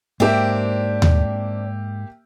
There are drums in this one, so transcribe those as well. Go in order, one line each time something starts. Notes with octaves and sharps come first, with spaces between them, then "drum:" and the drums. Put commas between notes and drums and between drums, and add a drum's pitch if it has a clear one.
G#2 A#3 C4 D4 G4 E5
drum: tom D#2